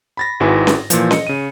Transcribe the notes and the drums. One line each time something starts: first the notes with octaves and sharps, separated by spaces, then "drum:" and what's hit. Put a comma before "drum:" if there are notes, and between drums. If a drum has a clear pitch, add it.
B5 A6 A#6
G#1 G#2 E4 F#4 B4 G#5
drum: snare C#4
A#2 E3 F3, drum: hi-hat
D#5 C#7, drum: snare C#4
C#3 D#7